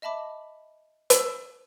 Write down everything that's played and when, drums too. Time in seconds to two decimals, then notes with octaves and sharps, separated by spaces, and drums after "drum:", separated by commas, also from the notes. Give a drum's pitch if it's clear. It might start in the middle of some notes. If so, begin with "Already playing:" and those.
0.02 D#5 E5 A5 B5 D6
1.10 drum: hi-hat